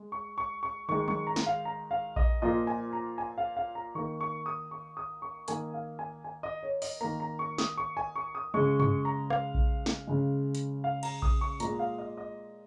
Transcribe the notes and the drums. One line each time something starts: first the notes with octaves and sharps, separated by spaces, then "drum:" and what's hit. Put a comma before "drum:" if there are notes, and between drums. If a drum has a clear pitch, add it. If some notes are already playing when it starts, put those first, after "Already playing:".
Already playing: G#3
C#6
C#6
C#6
D#3 G#3 C#6
C#6, drum: tom
A#5
drum: snare
F5
A#5
F5
D#5, drum: kick A#1
A#2 F3 A#3 D#5
G#5
A#5
G#5
F5
F5
A#5
D#3 A#3 C#6
C#6
D#6
C#6
D#6
C#6
D#3 A#3 G#5, drum: hi-hat
F5
G#5
G#5
D#5
C#5
D#5, drum: open hi-hat
D#3 A#3 A#5
A#5
C#6
D#6, drum: snare
C#6
G#5
C#6
D#6
C#3 G#3 C#6
C#6, drum: tom
A#5
F5, drum: rim click
drum: kick A#1
drum: snare
C#3 G#3
drum: hi-hat
F5
A#5, drum: cymbal
D#6, drum: kick A#1
C#6
A#2 G#3 A#5, drum: hi-hat
F5
D#5
D#5